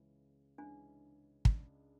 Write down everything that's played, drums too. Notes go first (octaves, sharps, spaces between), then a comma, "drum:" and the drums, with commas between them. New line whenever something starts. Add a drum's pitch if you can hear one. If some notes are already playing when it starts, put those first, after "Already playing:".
Already playing: C#2 C#3 E3 G#3 C#4
C#2 C#3 E3 G#3 C#4 D4
C#2 C#3 G#3 D4, drum: kick